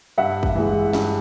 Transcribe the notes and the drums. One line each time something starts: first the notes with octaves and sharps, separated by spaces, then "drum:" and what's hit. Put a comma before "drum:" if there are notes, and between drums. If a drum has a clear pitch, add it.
G2 E5 F#5
drum: kick
E3 G#3
G2, drum: snare